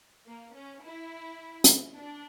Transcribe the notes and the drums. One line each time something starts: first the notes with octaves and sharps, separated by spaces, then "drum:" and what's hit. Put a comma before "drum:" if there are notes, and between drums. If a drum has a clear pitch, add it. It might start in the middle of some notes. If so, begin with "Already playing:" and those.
A#3
C#4
E4
drum: hi-hat
D4